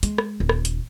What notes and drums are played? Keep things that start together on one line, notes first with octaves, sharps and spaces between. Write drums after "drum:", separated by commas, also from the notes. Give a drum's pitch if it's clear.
G#3, drum: hi-hat
drum: rim click
D#1
drum: rim click
drum: hi-hat